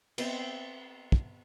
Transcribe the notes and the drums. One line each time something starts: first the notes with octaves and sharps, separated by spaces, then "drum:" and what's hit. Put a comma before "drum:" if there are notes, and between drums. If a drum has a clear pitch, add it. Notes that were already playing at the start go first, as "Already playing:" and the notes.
B3 C4, drum: cymbal
drum: kick